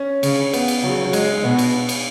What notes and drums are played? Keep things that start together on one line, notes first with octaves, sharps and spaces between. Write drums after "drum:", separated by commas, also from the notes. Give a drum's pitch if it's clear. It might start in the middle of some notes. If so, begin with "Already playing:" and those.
Already playing: C#4
C#3, drum: cymbal
B3, drum: cymbal
drum: cymbal
C#3 F#3
F#3
G#3, drum: cymbal
G#3
B2 B3
drum: cymbal
drum: cymbal